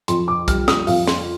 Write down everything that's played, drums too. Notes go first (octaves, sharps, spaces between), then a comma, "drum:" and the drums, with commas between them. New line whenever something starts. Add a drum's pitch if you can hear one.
F2 C6, drum: hi-hat
D6
G3 F6, drum: kick, hi-hat
D#6, drum: snare
F2 F5, drum: open hi-hat
C6, drum: snare